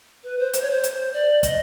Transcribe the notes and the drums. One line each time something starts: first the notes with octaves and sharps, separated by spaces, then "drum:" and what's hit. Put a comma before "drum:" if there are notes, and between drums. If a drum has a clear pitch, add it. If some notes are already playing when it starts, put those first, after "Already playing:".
B4
C5
C5, drum: hi-hat
C#5
C5
drum: hi-hat
D5
D#5, drum: kick, hi-hat